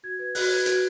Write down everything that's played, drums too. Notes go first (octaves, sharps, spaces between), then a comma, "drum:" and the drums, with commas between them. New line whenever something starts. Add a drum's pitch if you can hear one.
F#4 G#6
B4 G#6
F#4 F#6, drum: open hi-hat
B4 G#6
F#4 G#6, drum: hi-hat